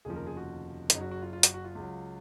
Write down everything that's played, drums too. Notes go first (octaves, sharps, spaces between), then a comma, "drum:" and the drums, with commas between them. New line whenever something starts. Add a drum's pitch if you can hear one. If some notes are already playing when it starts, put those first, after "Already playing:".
F1 D#2 C#3 F3 G#4
A#4
G#4
F#4
F#1 F#2 C#3 F#3 D#4, drum: hi-hat
F#4
F#4
F4
F4
F#4, drum: hi-hat
F#4
F4
C#2 C#3 F#3